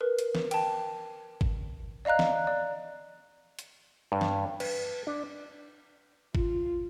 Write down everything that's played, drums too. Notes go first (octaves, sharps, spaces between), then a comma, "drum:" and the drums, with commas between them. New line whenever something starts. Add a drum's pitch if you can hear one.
A#4 B4
drum: hi-hat
drum: snare
G5 A5, drum: cymbal
drum: kick G#1
D5 D#5 F5 A#5 F#6
drum: snare
D5
drum: hi-hat
G2
drum: snare
B4, drum: cymbal
D4
F4, drum: kick G#1